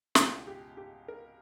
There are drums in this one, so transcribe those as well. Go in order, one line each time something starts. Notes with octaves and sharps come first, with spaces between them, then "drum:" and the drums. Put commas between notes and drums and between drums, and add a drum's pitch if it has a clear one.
C#2 B2 G#3 E4, drum: snare
G4
G4
A#4